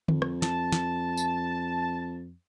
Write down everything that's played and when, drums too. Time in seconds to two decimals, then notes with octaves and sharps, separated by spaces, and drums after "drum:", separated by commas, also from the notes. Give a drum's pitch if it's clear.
0.08 F2, drum: tom D3
0.22 drum: rim click
0.42 A5, drum: snare
0.72 drum: snare
1.17 drum: tambourine